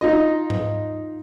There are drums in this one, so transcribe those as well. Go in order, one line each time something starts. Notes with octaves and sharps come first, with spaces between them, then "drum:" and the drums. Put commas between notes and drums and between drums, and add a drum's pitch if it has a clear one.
D#4 F4 D#5
drum: tom G#2